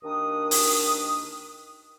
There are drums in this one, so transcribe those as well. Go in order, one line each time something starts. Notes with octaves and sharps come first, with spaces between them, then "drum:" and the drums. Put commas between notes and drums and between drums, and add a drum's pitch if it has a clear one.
D#2 D#3 D4 A#4 D#6
drum: open hi-hat